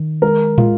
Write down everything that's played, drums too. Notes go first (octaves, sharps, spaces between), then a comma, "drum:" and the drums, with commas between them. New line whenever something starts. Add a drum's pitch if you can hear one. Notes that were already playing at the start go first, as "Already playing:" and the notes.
Already playing: D#3
G#3 A#4
G#3 F4, drum: tom